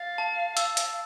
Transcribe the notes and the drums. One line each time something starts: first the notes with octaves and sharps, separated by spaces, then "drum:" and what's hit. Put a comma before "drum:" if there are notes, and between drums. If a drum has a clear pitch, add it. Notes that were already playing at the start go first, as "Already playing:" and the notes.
Already playing: F5 A6
A5
E6, drum: hi-hat
drum: hi-hat